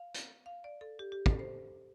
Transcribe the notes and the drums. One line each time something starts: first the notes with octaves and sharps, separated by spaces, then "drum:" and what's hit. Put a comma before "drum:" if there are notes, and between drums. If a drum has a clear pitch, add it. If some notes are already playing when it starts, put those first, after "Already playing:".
Already playing: F5
drum: hi-hat
F5
D5
A4
G4
G4
A4, drum: kick
C5